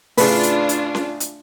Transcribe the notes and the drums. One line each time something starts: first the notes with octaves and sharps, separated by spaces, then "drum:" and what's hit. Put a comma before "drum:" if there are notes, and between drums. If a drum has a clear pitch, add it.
A2 C#3 D4 F4 B4, drum: open hi-hat
drum: hi-hat
drum: hi-hat
drum: snare C#4
drum: hi-hat